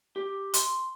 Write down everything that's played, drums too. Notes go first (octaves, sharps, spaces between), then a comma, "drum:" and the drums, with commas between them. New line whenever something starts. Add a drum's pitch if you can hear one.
G4
C6, drum: hi-hat